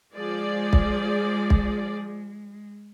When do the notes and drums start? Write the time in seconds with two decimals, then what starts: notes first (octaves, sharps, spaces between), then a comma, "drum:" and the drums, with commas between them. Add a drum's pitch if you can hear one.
0.14 F3 G#3 G#4 D5
0.73 drum: kick B1
1.50 drum: kick B1